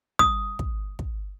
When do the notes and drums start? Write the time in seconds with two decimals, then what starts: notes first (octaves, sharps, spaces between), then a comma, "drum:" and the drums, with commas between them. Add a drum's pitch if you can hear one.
0.19 D#6, drum: kick
0.59 drum: kick
0.99 drum: kick